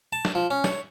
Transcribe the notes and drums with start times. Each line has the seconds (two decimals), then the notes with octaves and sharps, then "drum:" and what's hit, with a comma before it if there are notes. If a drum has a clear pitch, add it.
0.13 A5
0.25 drum: snare
0.35 F3
0.51 C#4
0.64 C#5, drum: snare